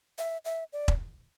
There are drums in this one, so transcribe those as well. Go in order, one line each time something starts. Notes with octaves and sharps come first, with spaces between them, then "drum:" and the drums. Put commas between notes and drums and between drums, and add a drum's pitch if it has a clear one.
E5
E5
D5
drum: kick E1